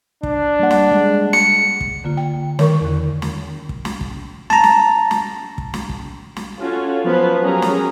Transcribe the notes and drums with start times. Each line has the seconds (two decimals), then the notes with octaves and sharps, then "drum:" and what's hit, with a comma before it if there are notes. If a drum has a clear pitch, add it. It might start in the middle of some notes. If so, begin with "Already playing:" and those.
0.23 D4, drum: kick
0.59 G3 A#3 F#5
0.71 drum: snare
0.92 G#3
1.33 C#7, drum: snare
1.81 drum: kick
2.04 D3 A#3 F4
2.17 G5
2.59 D#3 A#4 C#6, drum: snare
2.81 E2 D3
3.22 drum: snare
3.69 drum: kick
3.85 drum: snare
4.01 drum: kick
4.50 A5 A#5, drum: snare
4.64 drum: snare
5.11 drum: snare
5.58 drum: kick
5.74 drum: snare
5.89 drum: kick
6.36 drum: snare
6.59 C#4 F4 F#4 A4
7.03 F3 F#3 B3 B4 C5
7.41 F#3 C#4 G4 G#4 A#4 A#5
7.62 drum: snare